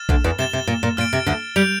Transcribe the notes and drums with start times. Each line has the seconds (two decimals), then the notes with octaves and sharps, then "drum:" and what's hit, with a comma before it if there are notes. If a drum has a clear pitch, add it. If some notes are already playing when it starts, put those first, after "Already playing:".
Already playing: F6 A6 E7
0.09 D2 D3, drum: kick A#1
0.24 E2 E3
0.39 C3 A6 E7 G7
0.53 C3
0.67 A#2
0.83 A#2
0.97 A#2 F6 A6 D7
1.13 C3
1.26 D2 D3
1.56 G3 G6 D7 F7